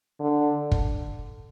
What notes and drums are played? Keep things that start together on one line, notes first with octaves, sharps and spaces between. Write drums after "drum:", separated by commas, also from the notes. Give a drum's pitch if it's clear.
D3
drum: kick